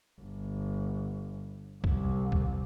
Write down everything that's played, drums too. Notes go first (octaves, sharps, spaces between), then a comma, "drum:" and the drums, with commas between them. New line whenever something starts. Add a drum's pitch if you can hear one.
G1
C2, drum: kick
drum: kick